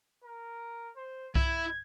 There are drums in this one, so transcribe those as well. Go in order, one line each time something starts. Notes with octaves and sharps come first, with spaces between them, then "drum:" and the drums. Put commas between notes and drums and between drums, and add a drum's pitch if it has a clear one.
A#4
C5
E4 G#6, drum: kick C2